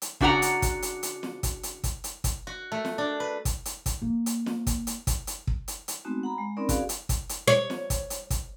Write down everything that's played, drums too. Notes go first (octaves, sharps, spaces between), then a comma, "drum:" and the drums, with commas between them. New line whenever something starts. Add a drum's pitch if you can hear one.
drum: hi-hat
C#3 D4 F#4 G#4 F#5 A#5, drum: kick
drum: hi-hat
drum: kick, hi-hat
drum: hi-hat
drum: hi-hat
drum: snare
drum: kick, hi-hat
drum: hi-hat
drum: kick, hi-hat
drum: hi-hat
drum: kick, hi-hat
F#4
A3
drum: snare
D4
B4
drum: kick, hi-hat
drum: hi-hat
drum: kick, hi-hat
A#3
drum: hi-hat
drum: snare
drum: kick, hi-hat
drum: hi-hat
drum: kick, hi-hat
drum: hi-hat
drum: kick
drum: hi-hat
drum: hi-hat
G#3 A3 B3 C4 D#4 F#4
F#5 A#5 B5
G#3
C4 C#4 D#4 A#4 D5 B5
F#4 G#4 D5 F5, drum: kick, hi-hat
drum: hi-hat
drum: kick, hi-hat
drum: hi-hat
C#5
drum: snare
drum: kick, hi-hat
drum: hi-hat
drum: kick, hi-hat